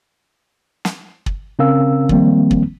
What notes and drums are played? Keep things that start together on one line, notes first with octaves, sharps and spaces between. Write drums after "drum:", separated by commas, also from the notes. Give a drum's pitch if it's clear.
drum: snare
drum: kick
C#3 C4 C#4 A#4 F5 E6
D#3 F3 G3 A#3 C4, drum: kick
drum: kick